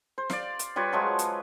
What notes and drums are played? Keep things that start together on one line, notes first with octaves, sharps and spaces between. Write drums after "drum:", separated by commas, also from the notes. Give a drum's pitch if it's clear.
C5
D5 F5, drum: snare
drum: hi-hat
G3 F4 B4 C#5
F3 F#3 G#3
drum: hi-hat